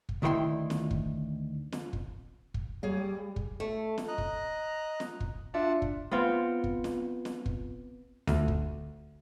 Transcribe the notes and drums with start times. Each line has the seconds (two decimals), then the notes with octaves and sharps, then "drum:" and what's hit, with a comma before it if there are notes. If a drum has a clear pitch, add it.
0.09 drum: kick
0.22 D2 D#3 E4 A#4 G5 C6
0.70 drum: snare
0.91 drum: kick
1.72 drum: snare
1.93 drum: kick
2.54 drum: kick
2.83 G3 G#4 C#5 F5
3.36 drum: kick
3.60 A3
3.98 drum: snare
4.08 D#5 A#5 F#6
4.18 drum: kick
5.00 drum: snare
5.20 drum: kick
5.54 D4 F4 E5 F#5 A5
5.82 drum: kick
6.11 B3 C4 F4 F#5
6.64 drum: kick
6.84 drum: snare
7.25 drum: snare
7.46 drum: kick
8.27 D2, drum: snare
8.48 drum: kick